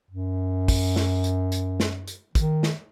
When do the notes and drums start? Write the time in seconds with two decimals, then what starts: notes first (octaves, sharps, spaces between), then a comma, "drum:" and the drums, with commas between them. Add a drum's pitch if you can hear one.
0.11 F#2
0.68 drum: kick, open hi-hat
0.96 drum: snare
1.24 drum: hi-hat
1.52 drum: hi-hat
1.80 drum: snare
2.07 drum: hi-hat
2.35 D#3, drum: kick, hi-hat
2.63 drum: snare